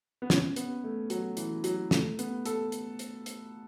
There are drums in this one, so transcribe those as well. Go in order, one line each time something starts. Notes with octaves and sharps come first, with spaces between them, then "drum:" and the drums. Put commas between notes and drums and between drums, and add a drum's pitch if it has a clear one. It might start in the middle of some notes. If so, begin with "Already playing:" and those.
B3
C#4, drum: snare
B3, drum: hi-hat
A3
F#3, drum: hi-hat
E3, drum: hi-hat
F#3, drum: hi-hat
A3, drum: snare
B3, drum: hi-hat
A4, drum: hi-hat
drum: hi-hat
drum: hi-hat
drum: hi-hat